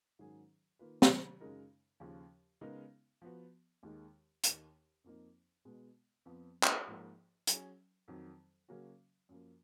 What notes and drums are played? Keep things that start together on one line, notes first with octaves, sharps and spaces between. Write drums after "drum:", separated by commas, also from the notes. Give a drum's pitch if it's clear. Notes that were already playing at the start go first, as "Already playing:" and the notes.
G#2 D#3 F#3 C#4 G#4
D#3 A#3 F4 B4
drum: snare
F#2 C#3 G#3 D#4 A#4
D#2 C#3 F3
C#3 G#3 B3 D#4 A#4
F3 B3 F#4
D#2 D#3 G#3 D#4
D#2 D#3 A#3 D#4, drum: hi-hat
F2 F3 A#3 D#4
B2 G#3 B3
F2 F3 B3
drum: clap
G#2 F3 A#3
F#3 C#4 G#4, drum: hi-hat
F2 D#3 F#3
C#3 F#3 A#3 C#4 F#4
F#2 F3 A#3